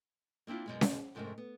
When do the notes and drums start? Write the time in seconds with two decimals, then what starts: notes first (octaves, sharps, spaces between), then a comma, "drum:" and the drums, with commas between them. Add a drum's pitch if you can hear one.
0.47 A#3 C4 D4 E4 F4
0.66 F#2 B2 G#3
0.81 drum: snare C#4
1.15 F2 G#2 C3 A3 C#4 A#4
1.38 B3